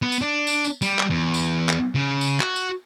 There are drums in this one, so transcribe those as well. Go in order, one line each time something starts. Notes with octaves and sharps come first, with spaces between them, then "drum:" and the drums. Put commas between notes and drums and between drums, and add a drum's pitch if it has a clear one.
B3
drum: tambourine
D4
drum: tambourine
drum: tambourine
G3, drum: tambourine
drum: clap
E2
drum: tambourine
drum: clap
C#3
drum: tambourine
F#4, drum: clap
drum: tambourine